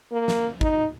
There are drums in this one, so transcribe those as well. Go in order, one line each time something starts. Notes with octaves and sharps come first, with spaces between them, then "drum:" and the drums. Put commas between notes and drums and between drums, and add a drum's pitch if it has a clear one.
A#3
drum: snare
D#4, drum: kick